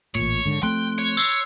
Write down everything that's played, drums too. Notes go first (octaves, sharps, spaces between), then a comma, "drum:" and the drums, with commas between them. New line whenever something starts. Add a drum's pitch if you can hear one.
A1 A#2 C#5
G#2 D3
F3 A3 C4 G5 C6 F#6 G7
C#5
E6 G#6 C7, drum: tambourine